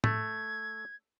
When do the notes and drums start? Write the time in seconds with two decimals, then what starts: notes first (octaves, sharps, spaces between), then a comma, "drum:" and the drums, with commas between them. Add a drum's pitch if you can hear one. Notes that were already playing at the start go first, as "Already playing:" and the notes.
0.04 A3 G#6, drum: tom A2